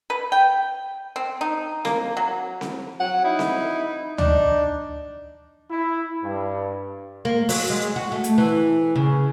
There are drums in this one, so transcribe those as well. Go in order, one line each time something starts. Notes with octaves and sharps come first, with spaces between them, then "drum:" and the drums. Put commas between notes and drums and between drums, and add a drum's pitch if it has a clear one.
B4
G5
C4
D#4
A#3, drum: snare C4
F#3
drum: snare C4
F#3 F#5
D#4 E4
drum: snare C4
D4 D#4, drum: tom D2
E4
G2
A#3
F#3, drum: open hi-hat
G#3
F#4
A3
drum: hi-hat
E3
C#3